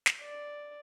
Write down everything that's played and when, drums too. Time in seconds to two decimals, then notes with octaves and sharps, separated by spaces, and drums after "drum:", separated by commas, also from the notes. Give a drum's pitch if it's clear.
0.06 drum: snare
0.20 D5